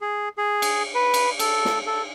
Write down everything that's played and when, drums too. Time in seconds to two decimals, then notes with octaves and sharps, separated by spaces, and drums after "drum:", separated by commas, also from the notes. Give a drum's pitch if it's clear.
0.01 G#4
0.38 G#4
0.62 drum: cymbal
0.95 B4
1.14 drum: cymbal
1.39 A4, drum: cymbal
1.65 drum: snare
1.86 A4